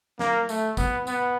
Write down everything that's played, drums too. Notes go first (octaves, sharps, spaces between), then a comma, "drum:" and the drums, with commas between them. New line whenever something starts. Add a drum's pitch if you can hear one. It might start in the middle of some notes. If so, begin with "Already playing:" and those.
A#3, drum: snare
A3, drum: tambourine
B3, drum: kick, tambourine
B3, drum: tambourine